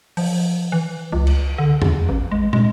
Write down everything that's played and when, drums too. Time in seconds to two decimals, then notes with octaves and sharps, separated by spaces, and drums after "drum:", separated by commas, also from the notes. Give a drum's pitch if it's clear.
0.17 F3, drum: open hi-hat
0.72 E3
1.12 C#2
1.27 drum: cymbal
1.58 D3
1.82 E2, drum: tom F2
2.09 A1
2.32 G#3
2.53 G#3, drum: tom